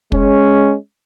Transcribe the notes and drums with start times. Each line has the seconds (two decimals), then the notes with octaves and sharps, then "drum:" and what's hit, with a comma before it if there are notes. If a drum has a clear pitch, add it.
0.12 G#3 C#4, drum: kick